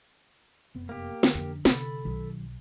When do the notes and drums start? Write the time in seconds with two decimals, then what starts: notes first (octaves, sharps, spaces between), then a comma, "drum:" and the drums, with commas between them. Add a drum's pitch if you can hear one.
0.75 F1 F#2 B3
0.89 A#3 G4
1.23 D3 D4, drum: snare
1.35 F2 C#4
1.65 C3 A4 B5, drum: snare
2.05 B1 D#3 F#3